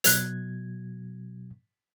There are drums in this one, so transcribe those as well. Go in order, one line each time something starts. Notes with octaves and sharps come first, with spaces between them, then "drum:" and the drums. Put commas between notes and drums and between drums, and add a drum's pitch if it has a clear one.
B2 F#3 F#6 G#6 F7, drum: hi-hat